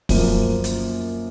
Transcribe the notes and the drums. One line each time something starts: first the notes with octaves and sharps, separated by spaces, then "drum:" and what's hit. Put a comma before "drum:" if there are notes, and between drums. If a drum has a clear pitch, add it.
F#2 F3 A#3, drum: kick, open hi-hat
drum: hi-hat